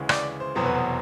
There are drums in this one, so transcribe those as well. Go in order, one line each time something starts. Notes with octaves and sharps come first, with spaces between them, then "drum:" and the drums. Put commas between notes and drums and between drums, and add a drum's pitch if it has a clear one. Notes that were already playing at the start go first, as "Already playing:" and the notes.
Already playing: D2 C#3 E3 G#3
D5, drum: rim click
C5
F1 E2 B2 F#3 B3 C5
B4
C5